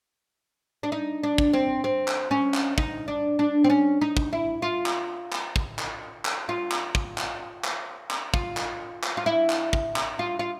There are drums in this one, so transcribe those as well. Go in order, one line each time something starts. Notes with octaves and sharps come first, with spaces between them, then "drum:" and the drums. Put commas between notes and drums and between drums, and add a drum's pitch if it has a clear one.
D4
D#4
D4
drum: kick
C4
C4
drum: clap
C#4
drum: clap
D#4, drum: kick
D4
D4
C4
C#4
D#4
drum: kick
E4
F4
drum: clap
drum: clap
drum: kick
drum: clap
drum: clap
F4
drum: clap
drum: kick
drum: clap
drum: clap
drum: clap
F4, drum: kick
drum: clap
drum: clap
F4
E4
drum: clap
drum: kick
drum: clap
F4
F4